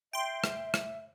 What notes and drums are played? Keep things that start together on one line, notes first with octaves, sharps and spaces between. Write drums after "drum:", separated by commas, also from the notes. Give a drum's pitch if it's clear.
E5 G5 C6
drum: rim click
drum: rim click